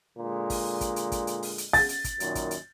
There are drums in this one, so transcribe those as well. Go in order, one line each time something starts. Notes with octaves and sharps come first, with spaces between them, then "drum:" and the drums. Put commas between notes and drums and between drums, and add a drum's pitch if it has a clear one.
A#2 D3 G#3
drum: kick, open hi-hat
drum: kick, hi-hat
drum: hi-hat
drum: kick, hi-hat
drum: hi-hat
drum: open hi-hat
drum: hi-hat
A6, drum: kick, open hi-hat
drum: hi-hat
drum: kick, hi-hat
F#2 A#2 D#3, drum: hi-hat
drum: kick, hi-hat
drum: hi-hat